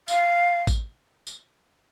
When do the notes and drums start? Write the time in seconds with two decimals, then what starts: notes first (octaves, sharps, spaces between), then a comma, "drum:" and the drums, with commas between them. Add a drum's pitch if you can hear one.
0.08 F5, drum: tambourine
0.67 drum: kick A1, tambourine
1.27 drum: tambourine